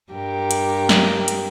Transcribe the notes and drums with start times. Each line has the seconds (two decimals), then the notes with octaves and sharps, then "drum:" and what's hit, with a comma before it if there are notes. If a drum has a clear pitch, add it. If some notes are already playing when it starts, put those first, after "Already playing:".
0.12 G2 G4 A#4
0.51 drum: hi-hat
0.89 drum: snare
1.28 drum: hi-hat